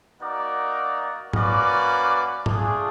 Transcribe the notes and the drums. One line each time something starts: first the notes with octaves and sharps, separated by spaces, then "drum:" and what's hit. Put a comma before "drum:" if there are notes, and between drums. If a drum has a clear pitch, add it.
A#3 D#4 F#4 A#4 D5
A#3 C#4 F#4 B4 D5, drum: tom G#2
A3 D4 F4 G#4, drum: tom G#2